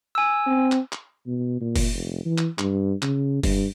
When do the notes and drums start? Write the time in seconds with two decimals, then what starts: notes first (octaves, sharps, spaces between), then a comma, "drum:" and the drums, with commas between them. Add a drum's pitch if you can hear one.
0.15 G#5 E6
0.46 C4
0.72 drum: clap
0.92 drum: clap
1.27 B2
1.61 A#2
1.76 drum: kick F#1, open hi-hat
1.94 F1
2.25 E3
2.38 drum: clap
2.59 G2, drum: clap
3.02 C#3, drum: clap
3.43 G2, drum: kick F#1, open hi-hat